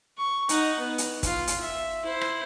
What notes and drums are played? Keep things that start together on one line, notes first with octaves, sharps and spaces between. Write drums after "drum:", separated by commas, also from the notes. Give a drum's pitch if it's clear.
C#6
D#4 F#5, drum: hi-hat
B3
drum: hi-hat
F4, drum: kick, hi-hat
drum: hi-hat
E5
E4 C5
drum: rim click